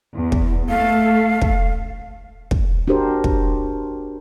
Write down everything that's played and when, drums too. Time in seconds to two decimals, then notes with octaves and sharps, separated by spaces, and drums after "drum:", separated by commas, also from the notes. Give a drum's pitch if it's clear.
0.14 E2
0.32 drum: kick
0.69 A3 A4 F5
1.42 drum: kick
2.51 drum: kick
2.88 D4 F#4 G4 A#4 C5
3.24 drum: kick